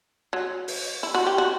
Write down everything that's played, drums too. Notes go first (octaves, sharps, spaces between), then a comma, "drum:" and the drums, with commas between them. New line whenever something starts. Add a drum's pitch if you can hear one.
F#3
drum: open hi-hat
E4
F#4
G4
F#4